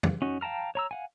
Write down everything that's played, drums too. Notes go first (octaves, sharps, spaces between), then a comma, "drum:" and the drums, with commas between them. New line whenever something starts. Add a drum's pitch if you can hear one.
drum: tom F2
C#4 D#4 F#4
F5 G5 A5 A#5 F6
C#5 A#5 E6
F5 F#5 G#5